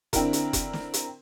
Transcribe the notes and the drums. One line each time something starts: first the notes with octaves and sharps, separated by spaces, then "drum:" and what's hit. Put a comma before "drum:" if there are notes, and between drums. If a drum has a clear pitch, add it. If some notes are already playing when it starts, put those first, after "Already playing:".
D3 C4 D4 E4 A#4, drum: kick F1, hi-hat
drum: hi-hat
drum: kick F1, hi-hat
drum: snare
drum: hi-hat